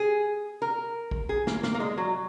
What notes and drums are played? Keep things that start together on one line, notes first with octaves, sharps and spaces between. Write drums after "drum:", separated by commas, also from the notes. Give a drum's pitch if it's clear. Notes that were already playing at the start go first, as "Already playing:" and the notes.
Already playing: G#4
A#4
drum: kick
G#4
A#3, drum: snare
A#3, drum: snare
A#3
G#3
F#3